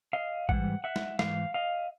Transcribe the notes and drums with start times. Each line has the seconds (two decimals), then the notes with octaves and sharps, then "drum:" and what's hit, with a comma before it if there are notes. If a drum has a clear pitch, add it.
0.13 D#5 F5
0.49 G#2 E3 G3 F#5, drum: kick A1
0.84 E5 F#5
0.96 drum: snare
1.19 G#2 E3 F5, drum: snare
1.54 D#5 F5